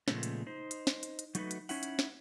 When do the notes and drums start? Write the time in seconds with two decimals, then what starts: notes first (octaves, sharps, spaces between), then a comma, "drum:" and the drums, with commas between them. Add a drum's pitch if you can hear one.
0.08 A#2 C#3 F3 G#3 A3 B3, drum: snare
0.23 drum: hi-hat
0.47 D#4 C5
0.71 drum: hi-hat
0.87 drum: snare
1.03 drum: hi-hat
1.19 drum: hi-hat
1.35 F#3 A3 D#4 F#4 A4 B4, drum: hi-hat
1.51 drum: hi-hat
1.69 C#4 D#4 E4 F#5, drum: open hi-hat
1.83 drum: hi-hat
1.99 drum: snare